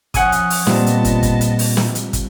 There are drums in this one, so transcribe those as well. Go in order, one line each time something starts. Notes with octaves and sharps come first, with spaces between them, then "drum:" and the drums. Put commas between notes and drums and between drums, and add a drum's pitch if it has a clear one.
F3 C#4 F#5 G#5 D#6, drum: kick, hi-hat
drum: hi-hat
drum: open hi-hat
A#2 G3 B3 C4 F4 D#5 A5, drum: snare
drum: hi-hat
drum: kick, hi-hat
drum: kick, hi-hat
drum: hi-hat
drum: open hi-hat
drum: snare
drum: hi-hat
drum: kick, hi-hat